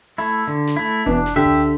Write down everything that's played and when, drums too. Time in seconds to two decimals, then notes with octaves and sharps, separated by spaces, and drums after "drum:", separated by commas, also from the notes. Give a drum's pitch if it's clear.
0.18 A3 E4
0.47 D3, drum: hi-hat
0.67 drum: snare
0.76 A3 E4
0.87 drum: hi-hat
1.06 B2 E3 D4, drum: kick F1, open hi-hat
1.26 drum: snare
1.36 D3 G4 E5
1.45 drum: tom C#2